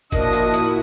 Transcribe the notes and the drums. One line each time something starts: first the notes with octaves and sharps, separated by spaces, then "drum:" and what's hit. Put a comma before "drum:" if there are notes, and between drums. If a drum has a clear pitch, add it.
A#2 F3 D4 E4 F#4 A#4 D#5 D#6, drum: kick, hi-hat
drum: hi-hat
drum: hi-hat